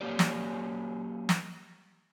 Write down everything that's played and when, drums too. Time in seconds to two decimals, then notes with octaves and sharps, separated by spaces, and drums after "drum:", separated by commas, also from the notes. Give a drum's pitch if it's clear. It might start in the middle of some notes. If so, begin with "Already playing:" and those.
0.01 F#3 A#3 C#4 G4 D5
0.19 drum: snare
1.29 drum: snare